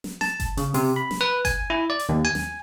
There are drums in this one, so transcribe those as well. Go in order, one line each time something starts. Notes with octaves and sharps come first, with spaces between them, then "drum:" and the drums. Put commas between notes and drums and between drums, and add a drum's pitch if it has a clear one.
drum: snare
A5, drum: snare
drum: kick G1, hi-hat
C#3, drum: hi-hat
C3, drum: open hi-hat
B5
drum: snare
B4
G#5, drum: kick G1, hi-hat
E4
D5
drum: hi-hat
D#2
G#5
drum: snare